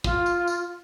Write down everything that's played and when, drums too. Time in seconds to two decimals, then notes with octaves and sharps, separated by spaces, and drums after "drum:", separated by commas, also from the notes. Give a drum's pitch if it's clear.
0.04 F4, drum: kick, tambourine
0.26 drum: tambourine
0.47 drum: tambourine